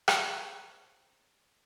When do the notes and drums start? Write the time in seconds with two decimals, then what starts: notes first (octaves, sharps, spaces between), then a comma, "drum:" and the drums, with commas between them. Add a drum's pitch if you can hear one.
0.08 C5 C#5 A#5, drum: rim click